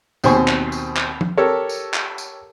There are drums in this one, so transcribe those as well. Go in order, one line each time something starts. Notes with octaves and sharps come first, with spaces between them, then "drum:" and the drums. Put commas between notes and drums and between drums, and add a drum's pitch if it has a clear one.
D#2 B2 C4 C5 G#5 C#6, drum: tambourine
drum: clap
drum: tambourine
drum: clap
drum: tom F3
G4 A4 A#4 C#5
drum: tambourine
drum: clap
drum: tambourine